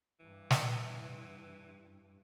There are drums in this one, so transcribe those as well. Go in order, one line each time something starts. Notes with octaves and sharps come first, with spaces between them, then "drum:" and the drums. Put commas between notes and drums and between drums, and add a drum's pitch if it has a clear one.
G2 E3
drum: snare